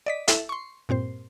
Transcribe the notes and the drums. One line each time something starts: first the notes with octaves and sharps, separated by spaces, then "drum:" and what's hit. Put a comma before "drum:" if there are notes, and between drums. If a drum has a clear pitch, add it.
D5 D#5 B6
E4 A4 E5, drum: hi-hat
C6 C#6
G2 A#2 C4 C5